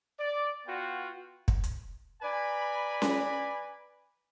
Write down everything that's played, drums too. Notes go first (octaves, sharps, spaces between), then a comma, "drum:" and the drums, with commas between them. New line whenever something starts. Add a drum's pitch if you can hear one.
D5
B3 F4 F#4 G5
drum: kick
drum: hi-hat
B4 D5 G#5 A#5 B5
drum: snare C#4